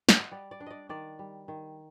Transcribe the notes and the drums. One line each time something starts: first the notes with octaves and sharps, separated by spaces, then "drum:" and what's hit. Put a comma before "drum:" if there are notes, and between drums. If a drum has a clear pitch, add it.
F#5, drum: snare
D#5
G3 D5
D5
D4
D5 D#5
D#3 D5
G3
D#3